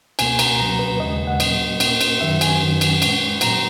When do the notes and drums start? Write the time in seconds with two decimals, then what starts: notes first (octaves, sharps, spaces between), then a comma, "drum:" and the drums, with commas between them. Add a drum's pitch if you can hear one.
0.19 C#2 B2 A#3 G#5, drum: cymbal
0.39 A#5, drum: cymbal
0.60 C#2 B2 F#3 A#3 A#5
0.79 B4
1.00 D#2 C#3 G#3 D#5
1.27 F#5
1.40 A#2 F#3 A#3 D#5, drum: cymbal
1.80 A#2 A#3, drum: cymbal
2.01 drum: cymbal
2.21 F#2 D#3 F#3 E5
2.41 G#5, drum: cymbal
2.61 F#2 D#3 F#3
2.81 drum: cymbal
3.02 A#2 G#3, drum: cymbal
3.41 A#2 F#3 A#3 A#5, drum: cymbal